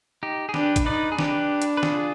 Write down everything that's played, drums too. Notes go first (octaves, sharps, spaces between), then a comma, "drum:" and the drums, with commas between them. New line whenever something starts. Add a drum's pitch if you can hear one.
D#4 G4
G#4
D4 G4 B4, drum: snare
drum: kick G#1, hi-hat
D#4 B4 D5
G#4
D4 G4 B4, drum: snare
drum: hi-hat
B4
F4 G#4, drum: snare